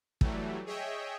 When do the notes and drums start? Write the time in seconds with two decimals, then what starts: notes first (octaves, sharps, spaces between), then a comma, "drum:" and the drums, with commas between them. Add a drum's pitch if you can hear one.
0.21 E3 F#3 G3 A3, drum: kick
0.66 G#4 C#5 D#5 E5 G5